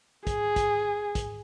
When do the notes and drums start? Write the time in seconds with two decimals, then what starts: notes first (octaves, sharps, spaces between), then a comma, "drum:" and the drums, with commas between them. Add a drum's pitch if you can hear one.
0.27 G#4, drum: kick, hi-hat
0.56 drum: kick, hi-hat
1.15 drum: kick, hi-hat